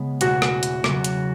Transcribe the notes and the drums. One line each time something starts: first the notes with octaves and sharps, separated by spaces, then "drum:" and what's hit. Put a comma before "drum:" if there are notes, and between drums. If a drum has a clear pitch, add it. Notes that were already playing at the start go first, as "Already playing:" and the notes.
Already playing: C#3 G#3 B3
E1 E2 B2 A3 C#4 F#4, drum: hi-hat
drum: rim click
drum: hi-hat
E2 C#3 F#3, drum: rim click
drum: hi-hat